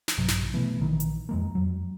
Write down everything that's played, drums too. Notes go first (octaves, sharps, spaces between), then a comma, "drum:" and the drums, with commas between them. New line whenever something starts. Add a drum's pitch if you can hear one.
drum: snare
A#1 G2 C3 F#3
drum: snare
B2 E3 A3 B3
A#1 D#3 E3
drum: hi-hat
F2 G#3 A#3
F2 F#3